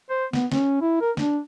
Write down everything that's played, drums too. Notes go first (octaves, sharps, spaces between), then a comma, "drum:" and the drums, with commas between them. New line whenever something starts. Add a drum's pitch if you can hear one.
C5
B3, drum: snare
C#4, drum: snare
E4
A#4
D4, drum: snare